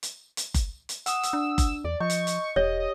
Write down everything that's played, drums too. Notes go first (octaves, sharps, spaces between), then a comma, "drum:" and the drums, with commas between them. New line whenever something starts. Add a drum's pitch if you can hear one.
drum: hi-hat
drum: hi-hat
drum: kick F#1, hi-hat
drum: hi-hat
F#5 D#6 E6, drum: hi-hat
drum: hi-hat
D4
drum: kick F#1, hi-hat
E2 D5
F3 D#5 C#6 G6
drum: hi-hat
drum: hi-hat
E1 G4 C#5 D#5